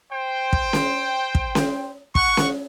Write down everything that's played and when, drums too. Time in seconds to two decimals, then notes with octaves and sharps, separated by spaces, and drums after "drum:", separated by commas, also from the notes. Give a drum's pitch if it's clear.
0.12 C5 G5
0.53 drum: kick
0.73 drum: snare C#4
1.35 drum: kick
1.55 drum: snare C#4
2.15 F#5 C#6, drum: kick
2.37 drum: snare C#4